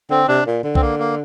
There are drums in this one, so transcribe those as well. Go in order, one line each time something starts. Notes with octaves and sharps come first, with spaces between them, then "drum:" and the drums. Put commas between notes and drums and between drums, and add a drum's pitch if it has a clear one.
D3 C4
C3 D4
A#2
D3
C4, drum: kick
A#3
A#3